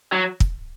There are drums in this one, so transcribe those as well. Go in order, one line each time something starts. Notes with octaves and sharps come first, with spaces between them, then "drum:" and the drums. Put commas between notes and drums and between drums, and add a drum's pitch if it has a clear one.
F#3
drum: kick